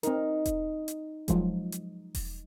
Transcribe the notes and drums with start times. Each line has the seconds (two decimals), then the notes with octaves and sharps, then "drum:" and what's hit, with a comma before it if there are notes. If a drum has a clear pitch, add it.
0.03 C4 D#4 A#4, drum: hi-hat
0.45 drum: kick E1, hi-hat
0.88 drum: hi-hat
1.28 F3 F#3 G#3, drum: kick E1, hi-hat
1.72 drum: hi-hat
2.15 drum: kick E1, open hi-hat